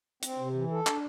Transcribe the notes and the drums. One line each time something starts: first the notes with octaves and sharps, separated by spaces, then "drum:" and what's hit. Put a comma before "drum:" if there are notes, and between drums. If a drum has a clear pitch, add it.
C4, drum: hi-hat
C3
E3
A4
D4, drum: clap